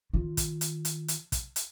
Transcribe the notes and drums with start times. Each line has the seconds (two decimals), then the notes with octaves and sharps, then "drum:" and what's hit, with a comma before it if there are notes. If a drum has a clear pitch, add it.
0.13 D#3 F4
0.37 drum: kick, hi-hat
0.61 drum: hi-hat
0.85 drum: hi-hat
1.08 drum: hi-hat
1.32 drum: kick, hi-hat
1.56 drum: hi-hat